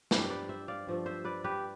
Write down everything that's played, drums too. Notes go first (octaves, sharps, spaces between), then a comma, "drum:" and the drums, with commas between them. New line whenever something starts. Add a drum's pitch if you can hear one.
G2 F3 A3 G4 B4, drum: snare
B4 D5
C5 E5
D5 F5
G2 F3 A3
C5 E5
B4 D5
G4 B4